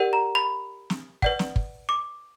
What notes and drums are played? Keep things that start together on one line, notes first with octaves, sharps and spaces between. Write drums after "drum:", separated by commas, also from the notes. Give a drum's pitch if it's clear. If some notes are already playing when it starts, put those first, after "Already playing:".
Already playing: G4 A#4 D5 F#5
A#5
B5
drum: snare
B4 D5 F#5, drum: kick
drum: snare
drum: kick
D6